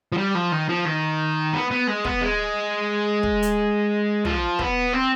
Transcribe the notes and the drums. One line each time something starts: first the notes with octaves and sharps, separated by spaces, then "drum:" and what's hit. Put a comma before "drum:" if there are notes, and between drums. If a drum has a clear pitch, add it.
F3
G3
F3
D#3
F3
D#3
B3
B3
G#3
B3, drum: kick
G#3
drum: kick
drum: hi-hat
F3, drum: tom
B3, drum: kick
C4